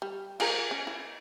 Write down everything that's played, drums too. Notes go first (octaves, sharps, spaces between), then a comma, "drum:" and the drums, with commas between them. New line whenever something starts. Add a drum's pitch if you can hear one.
G3
F4 G#4 A#4, drum: cymbal
C#4
E4